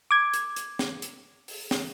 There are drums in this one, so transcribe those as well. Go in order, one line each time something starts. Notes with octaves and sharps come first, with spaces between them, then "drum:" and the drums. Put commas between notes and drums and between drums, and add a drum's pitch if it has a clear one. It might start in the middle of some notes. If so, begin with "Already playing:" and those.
D6 G#6
drum: hi-hat
drum: hi-hat
drum: snare
drum: hi-hat
drum: open hi-hat
drum: snare